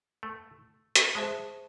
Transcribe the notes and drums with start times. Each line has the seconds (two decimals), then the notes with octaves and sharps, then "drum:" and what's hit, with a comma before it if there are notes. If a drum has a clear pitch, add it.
0.23 A3
0.96 drum: hi-hat
1.15 G#3 G#4 C5 E5 A5 C#6